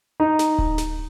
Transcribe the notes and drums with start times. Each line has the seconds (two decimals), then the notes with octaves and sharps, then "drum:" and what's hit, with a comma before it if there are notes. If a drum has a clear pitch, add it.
0.20 D#4
0.39 drum: snare
0.58 drum: kick D1
0.78 drum: snare